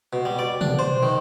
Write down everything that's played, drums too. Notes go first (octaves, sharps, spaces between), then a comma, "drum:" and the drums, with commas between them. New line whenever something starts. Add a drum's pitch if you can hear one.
B2
G3
D5
D4, drum: tom
C5
D#3